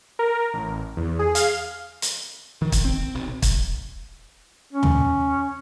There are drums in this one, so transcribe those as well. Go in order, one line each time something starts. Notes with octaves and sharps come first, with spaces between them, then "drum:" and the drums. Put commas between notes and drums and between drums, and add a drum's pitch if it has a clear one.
A#4
A1
E2
G#4
F5, drum: hi-hat
drum: hi-hat
D#3
drum: kick, hi-hat
C4
B1
drum: kick, hi-hat
C#4
drum: tom